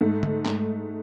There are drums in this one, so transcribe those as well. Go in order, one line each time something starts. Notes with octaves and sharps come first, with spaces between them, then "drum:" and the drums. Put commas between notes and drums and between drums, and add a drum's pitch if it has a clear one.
G#2 A3
drum: tom
G#2, drum: clap